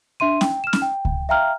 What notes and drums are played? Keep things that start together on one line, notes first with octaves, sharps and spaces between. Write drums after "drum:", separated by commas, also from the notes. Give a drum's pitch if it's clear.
D4 E5 C6 D#7
G5, drum: snare C#4
F6 E7
drum: snare C#4
G5
drum: kick C#2
E5 F5 G5 A#5 F6